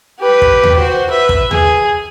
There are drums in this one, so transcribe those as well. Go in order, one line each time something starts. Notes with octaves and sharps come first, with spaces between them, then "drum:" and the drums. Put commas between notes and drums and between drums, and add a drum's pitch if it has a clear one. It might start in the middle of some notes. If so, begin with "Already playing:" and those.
G4 B4
drum: kick
drum: tom D#2
F#4 C5
B4 E5
drum: kick
G#4, drum: tom D#2